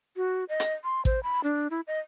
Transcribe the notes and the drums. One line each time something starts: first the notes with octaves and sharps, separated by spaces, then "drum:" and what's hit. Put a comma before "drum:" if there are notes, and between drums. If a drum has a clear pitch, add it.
F#4
D#5
drum: hi-hat
C6
C5, drum: kick A1
B5
D4
E4
D#5